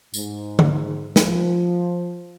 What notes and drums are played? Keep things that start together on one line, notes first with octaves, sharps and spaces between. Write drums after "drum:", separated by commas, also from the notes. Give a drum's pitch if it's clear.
G#2, drum: tambourine
drum: tom D3
F3, drum: snare